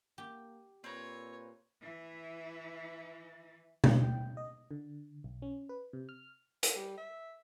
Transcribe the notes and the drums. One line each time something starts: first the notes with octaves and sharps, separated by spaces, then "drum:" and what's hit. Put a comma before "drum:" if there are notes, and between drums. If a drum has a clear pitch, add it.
A#3 G4
A#2 C4 B4 C#5 A#5
E3 E4
drum: tom B2
G5
D#5
D3
B1
C#4
B4
C3
F6
drum: hi-hat
G3
E5